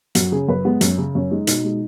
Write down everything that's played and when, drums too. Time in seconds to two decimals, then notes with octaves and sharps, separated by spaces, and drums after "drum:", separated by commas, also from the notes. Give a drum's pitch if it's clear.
0.15 F#2 F#4, drum: hi-hat
0.32 C#3 G#4
0.48 F#2 B4
0.65 G#3 B3
0.81 F#2 C#4, drum: hi-hat
0.97 C#3 C#4
1.15 F#2 C#4
1.31 G#3 D#4
1.47 B2 D#4, drum: hi-hat
1.65 G#3